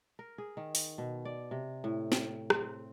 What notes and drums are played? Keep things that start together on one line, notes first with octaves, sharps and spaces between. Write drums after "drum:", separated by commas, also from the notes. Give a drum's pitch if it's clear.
A#4
G#4
D#3
drum: open hi-hat
B2
D5
C3
A2
G5, drum: snare
C4, drum: rim click